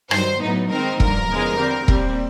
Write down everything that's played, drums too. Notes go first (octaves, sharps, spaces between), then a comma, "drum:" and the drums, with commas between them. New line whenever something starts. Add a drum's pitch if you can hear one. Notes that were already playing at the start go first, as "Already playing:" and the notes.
G2 D#3 F#3 C5, drum: rim click
A2 F#3 B3 D#4
D#3 G#3 C4 D#4 A#4
G2 D3 F3 A#4, drum: kick E1
E2 C#3 F3 G#3 B3
D3 G3 C4
A#2 G3 C4, drum: kick E1